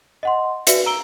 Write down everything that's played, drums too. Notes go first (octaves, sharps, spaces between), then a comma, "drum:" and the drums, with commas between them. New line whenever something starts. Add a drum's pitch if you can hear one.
D#5 F#5 C6
F#4 B4 D5 E5 C#7, drum: hi-hat
A#5 E6 D7 G7